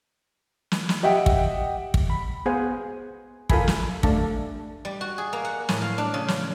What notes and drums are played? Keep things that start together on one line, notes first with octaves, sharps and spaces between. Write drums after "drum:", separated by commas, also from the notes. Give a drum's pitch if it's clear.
drum: snare
drum: snare
G4 D#5 E5 F#5 G5
drum: kick
drum: kick
B5
B3 G#4 C5 F5 F#5 G#5
F4 A4 A#4 E5 G#5 B5, drum: kick
drum: snare
A3 D4 F5 A5, drum: kick
G3
F#4
G#4
A#3
F#5
A2, drum: snare
F5
D4
C#3
drum: snare